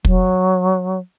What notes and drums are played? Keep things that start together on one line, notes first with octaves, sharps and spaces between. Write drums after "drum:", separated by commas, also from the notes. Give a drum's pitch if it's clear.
F#3, drum: kick